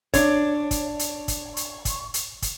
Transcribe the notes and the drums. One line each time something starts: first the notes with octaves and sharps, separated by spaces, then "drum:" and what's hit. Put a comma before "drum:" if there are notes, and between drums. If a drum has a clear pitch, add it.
D4 C#5, drum: kick, hi-hat
drum: kick, hi-hat
drum: hi-hat
drum: kick, hi-hat
drum: hi-hat
drum: kick, hi-hat
drum: hi-hat
drum: kick, hi-hat